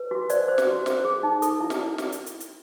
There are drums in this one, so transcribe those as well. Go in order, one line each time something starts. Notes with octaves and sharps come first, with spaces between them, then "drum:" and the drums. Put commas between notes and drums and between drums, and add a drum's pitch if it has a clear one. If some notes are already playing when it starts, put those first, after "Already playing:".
Already playing: B4
F#4
C5 D5, drum: hi-hat
C5
drum: snare
F#4
C5, drum: snare
G#4
D#4
A4, drum: hi-hat
E4
drum: snare
E4
drum: snare
drum: hi-hat
drum: hi-hat
drum: hi-hat